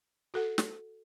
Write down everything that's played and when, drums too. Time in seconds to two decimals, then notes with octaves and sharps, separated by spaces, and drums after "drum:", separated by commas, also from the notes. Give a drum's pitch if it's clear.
0.34 F#4 A4 F#5
0.58 drum: snare